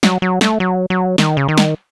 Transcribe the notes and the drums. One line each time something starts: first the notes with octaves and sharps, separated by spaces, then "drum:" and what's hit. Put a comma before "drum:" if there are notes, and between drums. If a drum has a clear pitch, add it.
F#3, drum: snare
F#3
A3, drum: snare
F#3
F#3
D#3, drum: snare
C#3
D#3
drum: snare